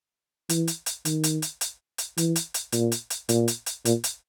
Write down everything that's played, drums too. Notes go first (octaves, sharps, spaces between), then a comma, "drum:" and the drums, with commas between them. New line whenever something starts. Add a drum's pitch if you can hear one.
E3, drum: hi-hat
drum: hi-hat
drum: hi-hat
D#3, drum: hi-hat
drum: hi-hat
drum: hi-hat
drum: hi-hat
drum: hi-hat
E3, drum: hi-hat
drum: hi-hat
drum: hi-hat
A#2, drum: hi-hat
drum: hi-hat
drum: hi-hat
A#2, drum: hi-hat
drum: hi-hat
drum: hi-hat
A#2, drum: hi-hat
drum: hi-hat